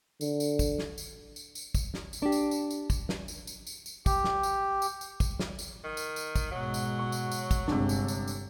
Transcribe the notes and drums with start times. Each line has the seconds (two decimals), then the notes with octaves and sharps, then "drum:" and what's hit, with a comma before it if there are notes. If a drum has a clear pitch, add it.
0.21 D3, drum: tambourine
0.40 drum: tambourine
0.59 drum: kick, tambourine
0.78 drum: snare
0.98 drum: tambourine
1.36 drum: tambourine
1.55 drum: tambourine
1.75 drum: kick, tambourine
1.94 drum: snare
2.13 drum: tambourine
2.22 D4 G4
2.32 drum: tambourine
2.51 drum: tambourine
2.71 drum: tambourine
2.90 drum: kick, tambourine
3.09 drum: snare
3.28 drum: tambourine
3.47 drum: tambourine
3.67 drum: tambourine
3.86 drum: tambourine
4.06 G4, drum: kick, tambourine
4.24 drum: snare
4.43 drum: tambourine
4.82 drum: tambourine
5.01 drum: tambourine
5.20 drum: kick, tambourine
5.39 drum: snare
5.59 drum: tambourine
5.84 D#3
5.97 drum: tambourine
6.16 drum: tambourine
6.35 drum: kick, tambourine
6.51 G#2 B2 F#3
6.74 drum: tambourine
6.99 C#6
7.12 drum: tambourine
7.32 drum: tambourine
7.51 drum: kick, tambourine
7.68 G1 C3 G#3 D4, drum: snare
7.89 drum: tambourine
8.08 drum: tambourine
8.28 drum: tambourine